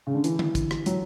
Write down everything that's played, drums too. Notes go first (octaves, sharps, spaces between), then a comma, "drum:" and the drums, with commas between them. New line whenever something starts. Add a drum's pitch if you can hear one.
C#3
D3
E3, drum: hi-hat
drum: tom D3
drum: kick, hi-hat
drum: rim click
F#3, drum: hi-hat